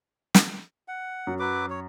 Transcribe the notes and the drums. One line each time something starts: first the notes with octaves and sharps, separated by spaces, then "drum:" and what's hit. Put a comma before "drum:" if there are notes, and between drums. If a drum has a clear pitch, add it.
drum: snare
F#5
F#2
F#3 B4 D6
C#5